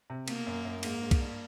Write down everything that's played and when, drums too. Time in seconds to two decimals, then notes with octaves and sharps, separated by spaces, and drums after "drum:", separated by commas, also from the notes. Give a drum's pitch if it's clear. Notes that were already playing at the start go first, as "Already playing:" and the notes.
0.10 C3
0.28 B2 A#3, drum: cymbal
0.46 F#2
0.65 F#2
0.83 G#2 A#3, drum: cymbal
1.02 G#2
1.11 drum: kick, cymbal
1.20 G2